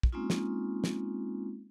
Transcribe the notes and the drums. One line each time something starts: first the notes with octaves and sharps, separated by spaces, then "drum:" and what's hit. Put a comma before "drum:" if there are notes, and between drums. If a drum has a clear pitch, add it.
drum: kick
G#3 A#3 C4 C#4 D#4 F4
drum: snare
drum: snare